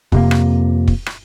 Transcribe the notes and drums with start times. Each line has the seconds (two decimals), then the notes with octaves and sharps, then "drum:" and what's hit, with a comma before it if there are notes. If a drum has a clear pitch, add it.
0.12 F2 C3 A#3, drum: kick
0.31 drum: rim click
0.88 drum: kick
1.06 drum: rim click